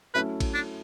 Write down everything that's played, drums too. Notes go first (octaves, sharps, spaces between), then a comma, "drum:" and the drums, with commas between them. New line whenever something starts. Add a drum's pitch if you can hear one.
F#3 A3 C#4 E4 B4
drum: kick A1, cymbal
D4